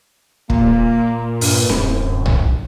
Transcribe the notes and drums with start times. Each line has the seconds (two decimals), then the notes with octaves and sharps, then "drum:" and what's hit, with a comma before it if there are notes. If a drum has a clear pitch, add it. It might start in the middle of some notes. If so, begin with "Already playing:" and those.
0.50 A#2 A#3, drum: kick
1.41 G2, drum: open hi-hat
1.69 D1 F#2, drum: snare C4
2.26 drum: tom B1